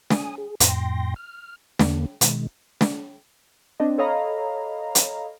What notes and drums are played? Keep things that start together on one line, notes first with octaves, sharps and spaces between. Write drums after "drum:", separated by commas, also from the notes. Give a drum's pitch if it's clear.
G#5 D#6, drum: snare
G#4
F2 A2 G5 C6 A#6, drum: hi-hat
F6
E2 D3 A#3, drum: snare
B2 D#3 G#3, drum: hi-hat
drum: snare
C4 D4 D#5
A4 C#5 D#5 F5 A#5 B5
drum: hi-hat